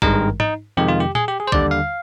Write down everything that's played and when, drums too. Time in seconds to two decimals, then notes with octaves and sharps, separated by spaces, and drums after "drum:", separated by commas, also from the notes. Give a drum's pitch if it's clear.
0.02 G#1 G2 D#3 G#3 A#4, drum: kick A#1
0.40 D#4, drum: tom G#2
0.77 F2 C3 D#3 G#3 G4
0.88 F4
1.00 G4
1.15 G#4, drum: tom A#2
1.28 G4
1.40 G#4
1.47 C5
1.52 D#2 D3 G3 D5, drum: kick A#1
1.71 F5